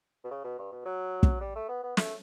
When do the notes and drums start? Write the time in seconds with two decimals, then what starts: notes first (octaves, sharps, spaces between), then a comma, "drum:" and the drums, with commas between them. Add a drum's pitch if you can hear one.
0.24 B2
0.31 C#3
0.44 B2
0.59 G2
0.72 B2
0.86 F#3
1.23 drum: kick
1.41 G3
1.55 A3
1.69 B3
1.83 B3
1.97 A3, drum: snare